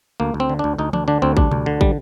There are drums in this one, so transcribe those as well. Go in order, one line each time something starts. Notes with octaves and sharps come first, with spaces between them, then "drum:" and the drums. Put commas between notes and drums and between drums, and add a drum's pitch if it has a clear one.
D2 A#3
D2
C4
D3
D2 D4
D2 D#4
D2 D4, drum: tom E3
D3 D4
D2 C4
G3 D4, drum: kick
D2, drum: tom B2
D3
G3, drum: kick